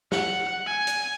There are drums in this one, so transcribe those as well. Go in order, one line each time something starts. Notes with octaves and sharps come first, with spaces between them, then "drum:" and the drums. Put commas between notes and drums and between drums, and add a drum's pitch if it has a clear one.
F#5, drum: snare
G#5
drum: hi-hat